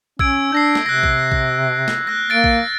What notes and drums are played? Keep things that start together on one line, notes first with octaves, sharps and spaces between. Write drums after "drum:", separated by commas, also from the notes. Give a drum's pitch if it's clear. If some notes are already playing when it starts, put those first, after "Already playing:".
C#4 E6 G#6 D7, drum: kick A#1
D4 G6 A#6 C7
drum: snare
C3 F#6 A#6
drum: kick A#1
drum: kick A#1
drum: snare
F6 F#6 A#6
A#3 A6 D7
drum: kick A#1